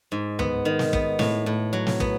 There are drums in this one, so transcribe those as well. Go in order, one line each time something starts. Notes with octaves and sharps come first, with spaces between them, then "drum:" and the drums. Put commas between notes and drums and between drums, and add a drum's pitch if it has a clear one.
G#2
B3, drum: tom
D#3
drum: snare
B3, drum: kick
A2, drum: snare
A2
F#3
drum: snare
B3, drum: kick